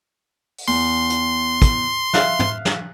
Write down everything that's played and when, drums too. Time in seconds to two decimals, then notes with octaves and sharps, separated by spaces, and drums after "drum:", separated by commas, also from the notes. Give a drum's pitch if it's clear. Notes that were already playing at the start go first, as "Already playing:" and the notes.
0.58 drum: open hi-hat
0.68 E2 C6
1.10 drum: hi-hat
1.62 drum: kick, hi-hat
2.13 E5 F5 F#6, drum: snare
2.39 drum: tom
2.65 drum: snare